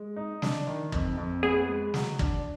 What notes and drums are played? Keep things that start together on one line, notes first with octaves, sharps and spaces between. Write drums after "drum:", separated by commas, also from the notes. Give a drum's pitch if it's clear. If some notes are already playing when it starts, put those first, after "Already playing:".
Already playing: G#3
D#4
D4, drum: snare
D#3
F2, drum: kick
F2
B3 G#4
G#3
F#3, drum: snare
D4, drum: kick